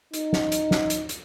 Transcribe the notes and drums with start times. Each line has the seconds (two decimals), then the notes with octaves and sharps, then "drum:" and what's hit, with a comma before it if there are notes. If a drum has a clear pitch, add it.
0.14 D#4, drum: hi-hat
0.33 drum: snare
0.52 drum: hi-hat
0.71 drum: snare
0.90 drum: hi-hat
1.09 drum: hi-hat